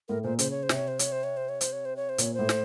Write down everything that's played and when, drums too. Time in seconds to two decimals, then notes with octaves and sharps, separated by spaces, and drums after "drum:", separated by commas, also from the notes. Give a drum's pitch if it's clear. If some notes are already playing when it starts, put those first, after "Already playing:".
0.08 A2 A#4
0.23 A#2 C5
0.39 C#3 C5, drum: hi-hat
0.51 C#5
0.63 C5
0.69 C3, drum: snare
0.75 C#5
0.88 C5
0.99 C#5, drum: hi-hat
1.12 C5
1.24 C#5
1.37 C5
1.49 C#5
1.61 C5, drum: hi-hat
1.73 C#5
1.85 C5
1.97 C#5
2.09 C5
2.18 A#2 C#5, drum: hi-hat
2.34 C5
2.39 A2
2.49 drum: snare